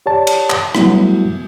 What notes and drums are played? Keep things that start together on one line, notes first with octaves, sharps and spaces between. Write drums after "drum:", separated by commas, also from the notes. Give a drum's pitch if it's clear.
G4 C#5 D5 A5
drum: cymbal
drum: clap
F#3 G3 A3 B3 E4 F#4, drum: rim click